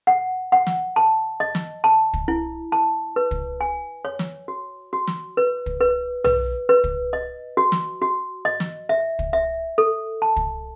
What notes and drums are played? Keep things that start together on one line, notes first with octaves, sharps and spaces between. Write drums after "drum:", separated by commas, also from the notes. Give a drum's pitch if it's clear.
F#5
F#5
drum: snare
A5
D#5
drum: snare
A5
drum: kick
E4
A5
B4
drum: kick
G#5
C#5
drum: snare
F#4
F#4
drum: snare
B4
drum: kick
B4
B4, drum: tom B1
B4
drum: kick
D#5
F#4
drum: snare
F#4
D#5
drum: snare
E5
drum: kick
E5
A4
A5
drum: kick